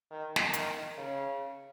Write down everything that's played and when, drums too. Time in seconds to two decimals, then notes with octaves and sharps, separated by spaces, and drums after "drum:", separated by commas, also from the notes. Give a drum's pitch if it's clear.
0.11 D#3
0.36 drum: snare
0.53 D#3, drum: hi-hat
0.97 C#3